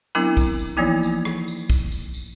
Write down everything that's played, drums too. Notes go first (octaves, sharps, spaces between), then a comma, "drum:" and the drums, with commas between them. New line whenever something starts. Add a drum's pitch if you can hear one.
F#3 B3 C4 D4 E4 A#4, drum: tambourine
drum: kick, tambourine
drum: tambourine
E3 F3 A#3 B3 D#4 E4
drum: tambourine
drum: rim click
drum: tambourine
drum: kick, tambourine
drum: tambourine
drum: tambourine